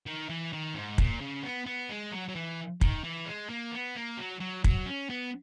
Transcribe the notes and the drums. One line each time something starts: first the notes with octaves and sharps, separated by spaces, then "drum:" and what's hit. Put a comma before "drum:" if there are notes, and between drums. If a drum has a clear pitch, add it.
D#3
E3
D#3
G#2
A#2, drum: kick
C#3
B3
B3
G#3
F#3
F#3
E3
D#3, drum: kick
E3
G#3
A#3
B3
A#3
F#3
F#3
F#3, drum: kick
C#4
B3